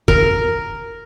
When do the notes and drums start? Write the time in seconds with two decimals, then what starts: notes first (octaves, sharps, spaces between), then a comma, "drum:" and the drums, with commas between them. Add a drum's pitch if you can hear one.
0.08 A#4, drum: kick